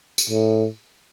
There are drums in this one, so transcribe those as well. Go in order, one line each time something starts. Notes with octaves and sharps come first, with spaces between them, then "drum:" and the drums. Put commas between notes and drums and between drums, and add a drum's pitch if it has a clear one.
drum: tambourine
A2